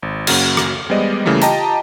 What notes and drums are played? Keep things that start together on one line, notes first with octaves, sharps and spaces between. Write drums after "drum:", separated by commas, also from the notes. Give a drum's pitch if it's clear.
G#1
F#2 C#3 A#3 F#4 F6, drum: cymbal
drum: rim click
G3 G#3 B3 C5 D5 D#5
C#3 E3 G3 A3 A#3
F4 G4 D#5 G5 A5 A#5, drum: hi-hat